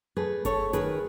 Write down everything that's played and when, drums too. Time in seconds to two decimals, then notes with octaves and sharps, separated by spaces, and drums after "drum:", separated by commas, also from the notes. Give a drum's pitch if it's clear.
0.16 A3 G#4 B4
0.45 A3 A4 C#5, drum: kick F#1, hi-hat
0.73 D#3 G#4 B4, drum: hi-hat